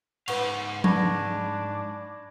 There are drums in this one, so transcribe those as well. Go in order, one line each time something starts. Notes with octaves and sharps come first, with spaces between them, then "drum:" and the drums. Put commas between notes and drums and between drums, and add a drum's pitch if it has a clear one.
G#2 B4 F5 F#5 C#6, drum: cymbal
D4 B5 C#6 G#6 A#6, drum: tom F3